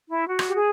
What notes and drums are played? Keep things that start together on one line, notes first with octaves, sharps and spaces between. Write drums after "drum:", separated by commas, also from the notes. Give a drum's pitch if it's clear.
E4
F#4
drum: rim click
G4
G#4